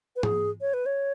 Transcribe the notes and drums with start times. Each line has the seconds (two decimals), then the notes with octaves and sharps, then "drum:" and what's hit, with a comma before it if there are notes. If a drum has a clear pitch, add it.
0.16 B4
0.23 G#4, drum: tom
0.61 C#5
0.74 B4
0.86 C#5